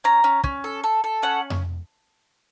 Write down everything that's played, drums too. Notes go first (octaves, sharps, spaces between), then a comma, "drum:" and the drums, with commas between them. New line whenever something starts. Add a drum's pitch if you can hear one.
C#4 A#5
C#4
C#4, drum: kick
A4
A4
A4
C#4 F#5
drum: tom F2